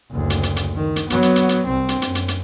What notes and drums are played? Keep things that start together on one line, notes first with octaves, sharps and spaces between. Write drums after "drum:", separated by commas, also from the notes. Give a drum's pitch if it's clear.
F#1 D2
drum: hi-hat
drum: hi-hat
drum: hi-hat
D#3
drum: hi-hat
F#3 B3, drum: hi-hat
drum: hi-hat
drum: hi-hat
drum: hi-hat
C2 C4
drum: hi-hat
F#2, drum: hi-hat
drum: hi-hat
drum: hi-hat